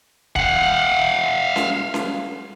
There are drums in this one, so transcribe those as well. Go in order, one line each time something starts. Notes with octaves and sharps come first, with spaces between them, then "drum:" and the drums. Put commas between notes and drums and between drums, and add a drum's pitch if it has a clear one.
F5 F#5, drum: kick
drum: snare C#4
drum: snare C#4